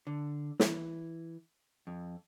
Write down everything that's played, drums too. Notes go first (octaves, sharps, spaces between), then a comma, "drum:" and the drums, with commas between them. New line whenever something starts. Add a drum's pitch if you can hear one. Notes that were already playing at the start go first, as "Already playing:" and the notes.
D3
E3, drum: snare
F2